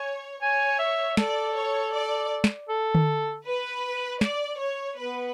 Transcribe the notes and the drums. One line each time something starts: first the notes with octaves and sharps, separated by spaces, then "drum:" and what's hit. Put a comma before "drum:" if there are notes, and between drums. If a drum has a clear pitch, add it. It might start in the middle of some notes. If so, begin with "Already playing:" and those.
Already playing: C#5 G#5
C#5 G#5
E5
A4 D5, drum: snare
C#5
D5
drum: snare
A4
drum: tom D3
B4
D5, drum: snare
C#5
B3 B4